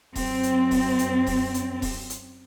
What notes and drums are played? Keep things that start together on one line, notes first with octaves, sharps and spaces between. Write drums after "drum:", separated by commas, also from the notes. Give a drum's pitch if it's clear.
F#2 C4, drum: kick D#1, open hi-hat
drum: hi-hat
drum: kick D#1, open hi-hat
drum: hi-hat
drum: kick D#1, open hi-hat
drum: hi-hat
drum: kick D#1, open hi-hat
drum: hi-hat